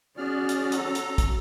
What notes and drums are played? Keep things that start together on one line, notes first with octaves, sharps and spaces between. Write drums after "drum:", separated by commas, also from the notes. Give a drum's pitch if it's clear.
C#4 F#4 G#4 D5 F6
drum: hi-hat
A4 A#5, drum: hi-hat
drum: hi-hat
drum: kick, hi-hat